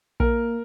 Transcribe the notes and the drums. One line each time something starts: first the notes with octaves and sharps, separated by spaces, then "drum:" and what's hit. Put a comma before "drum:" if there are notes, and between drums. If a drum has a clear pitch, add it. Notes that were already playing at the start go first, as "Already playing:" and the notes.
A#3 A#4, drum: kick A#1